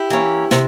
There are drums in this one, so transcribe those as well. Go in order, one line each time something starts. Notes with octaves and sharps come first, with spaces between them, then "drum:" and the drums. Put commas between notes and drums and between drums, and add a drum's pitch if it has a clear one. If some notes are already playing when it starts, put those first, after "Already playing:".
Already playing: E4 G4
E3 A#3 C#4
C3, drum: snare